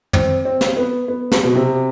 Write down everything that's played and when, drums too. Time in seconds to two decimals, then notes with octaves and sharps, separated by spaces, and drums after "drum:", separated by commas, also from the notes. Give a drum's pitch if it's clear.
0.13 C4, drum: tom
0.45 C4
0.61 drum: snare
0.77 B3
1.08 B3
1.32 drum: snare
1.44 B2
1.55 C3